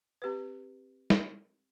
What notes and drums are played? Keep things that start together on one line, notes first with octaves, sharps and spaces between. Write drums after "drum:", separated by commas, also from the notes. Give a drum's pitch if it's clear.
C4 G4 B4
drum: snare